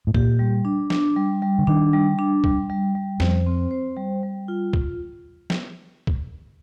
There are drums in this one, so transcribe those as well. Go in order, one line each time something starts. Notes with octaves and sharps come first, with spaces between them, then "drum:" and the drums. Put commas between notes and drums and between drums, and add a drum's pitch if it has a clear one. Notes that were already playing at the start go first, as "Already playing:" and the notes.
A2
A#2 G4, drum: kick
G3
D4
D4, drum: snare
G3
G3
D3
D#3 D4
G3
D4
G3, drum: kick
G3
G3
F2 C5, drum: snare
C4
C5
G3
G3
F4
drum: kick
drum: snare
drum: kick